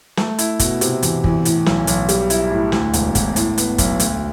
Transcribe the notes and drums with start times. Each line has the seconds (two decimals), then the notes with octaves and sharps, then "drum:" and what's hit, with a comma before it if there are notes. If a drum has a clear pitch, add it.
0.17 A3, drum: snare
0.39 E4, drum: hi-hat
0.59 B2, drum: kick, hi-hat
0.81 C3, drum: hi-hat
1.03 E2, drum: hi-hat
1.24 E2, drum: kick
1.45 A2, drum: hi-hat
1.66 B1, drum: snare
1.87 B1, drum: hi-hat
2.09 G3, drum: hi-hat
2.30 E4, drum: hi-hat
2.51 A2
2.72 D2, drum: snare
2.93 E1, drum: hi-hat
3.15 E1, drum: kick, hi-hat
3.36 A2, drum: hi-hat
3.58 B3, drum: hi-hat
3.78 B1, drum: kick, hi-hat
4.00 D2, drum: hi-hat